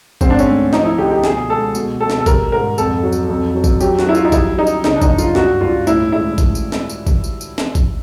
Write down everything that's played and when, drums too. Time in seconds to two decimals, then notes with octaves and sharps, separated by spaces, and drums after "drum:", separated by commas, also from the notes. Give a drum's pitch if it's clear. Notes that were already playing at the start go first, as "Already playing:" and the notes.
0.21 G#2 C4, drum: kick G#1, tambourine
0.30 D4
0.39 C#4, drum: tambourine
0.47 A3
0.73 F3 D#4, drum: snare
0.85 E4
0.98 D3 G4
1.11 G4
1.24 B2 G#4, drum: snare
1.50 G#3 A4
1.75 B2, drum: tambourine
2.00 B2 A4
2.10 drum: snare
2.20 A4
2.26 G3 A#4, drum: kick G#1, tambourine
2.52 G#2 A#4
2.78 F2 A4, drum: tambourine
3.03 F#3
3.12 drum: tambourine
3.29 F2
3.55 F#3
3.64 drum: kick G#1, tambourine
3.81 F#3 G4, drum: tambourine
3.99 F#4, drum: snare
4.07 F#3 E4
4.15 F4, drum: tambourine
4.24 D#4
4.32 G3 E4, drum: kick G#1, tambourine
4.58 G3 D#4
4.67 drum: tambourine
4.84 C#3 D#4, drum: snare
4.95 D4
5.02 D#4, drum: kick G#1, tambourine
5.10 F#2
5.18 F4, drum: tambourine
5.35 G2 F#4, drum: snare
5.61 G2 F4
5.87 A2 E4, drum: tambourine
6.12 G#3 E4
6.38 drum: kick G#1, tambourine
6.55 drum: tambourine
6.72 drum: snare
6.89 drum: tambourine
7.07 drum: kick G#1, tambourine
7.24 drum: tambourine
7.41 drum: tambourine
7.58 drum: snare
7.75 drum: kick G#1, tambourine